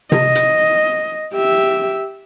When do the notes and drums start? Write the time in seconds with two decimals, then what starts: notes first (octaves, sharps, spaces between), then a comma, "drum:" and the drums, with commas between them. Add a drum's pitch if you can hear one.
0.12 D#5, drum: tom C3
0.35 drum: hi-hat
1.33 G4 E5